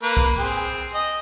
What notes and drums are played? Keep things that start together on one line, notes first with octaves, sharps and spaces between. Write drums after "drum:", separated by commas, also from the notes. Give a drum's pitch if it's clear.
A#3 B4
drum: kick B1
C4 G#4
D#5